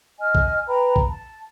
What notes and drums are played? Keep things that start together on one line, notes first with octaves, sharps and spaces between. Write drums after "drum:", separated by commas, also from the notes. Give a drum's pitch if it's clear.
D#5 G#5 F6
drum: kick
B4 G5 A#5 B5
drum: kick
A5